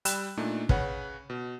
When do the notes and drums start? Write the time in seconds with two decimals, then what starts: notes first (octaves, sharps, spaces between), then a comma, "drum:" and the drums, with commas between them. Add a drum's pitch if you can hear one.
0.05 G3 G5 B5 E6 F#6 E7, drum: hi-hat
0.37 A#2 A3 D4 D#4
0.69 C#3 B4 C#5 F#5, drum: kick
1.30 B2